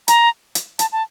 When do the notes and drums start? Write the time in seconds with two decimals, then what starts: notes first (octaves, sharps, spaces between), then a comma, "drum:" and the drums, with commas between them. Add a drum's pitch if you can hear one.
0.08 A#5, drum: hi-hat
0.55 drum: hi-hat
0.79 A5, drum: hi-hat
0.92 A5